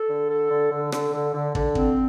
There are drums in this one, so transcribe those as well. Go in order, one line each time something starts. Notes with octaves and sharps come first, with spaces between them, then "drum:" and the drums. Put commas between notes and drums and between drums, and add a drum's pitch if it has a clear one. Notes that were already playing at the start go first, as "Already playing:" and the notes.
Already playing: A4
D3
A4
D3
D3
D3, drum: rim click
D3
D3
D3, drum: kick
C4, drum: kick